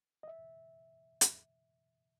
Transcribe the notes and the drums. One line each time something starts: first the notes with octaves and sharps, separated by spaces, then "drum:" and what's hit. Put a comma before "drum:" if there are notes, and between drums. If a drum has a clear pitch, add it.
D#5
E5
drum: hi-hat